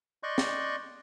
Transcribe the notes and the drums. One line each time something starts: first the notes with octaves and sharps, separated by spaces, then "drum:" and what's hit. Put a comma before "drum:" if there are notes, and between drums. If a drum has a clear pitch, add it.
D5 D#5 C6 C#6 F#6 G6
drum: snare